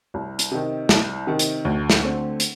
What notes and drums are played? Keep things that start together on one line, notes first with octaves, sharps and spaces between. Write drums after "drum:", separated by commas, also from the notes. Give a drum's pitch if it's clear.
C2
drum: hi-hat
C3 D#3
C2, drum: snare
C3 D#3
drum: hi-hat
D2
drum: snare
D3 A3 C4
drum: hi-hat